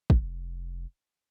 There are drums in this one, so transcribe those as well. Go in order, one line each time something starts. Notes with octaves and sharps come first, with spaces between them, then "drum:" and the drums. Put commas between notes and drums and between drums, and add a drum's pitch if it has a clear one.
F1, drum: kick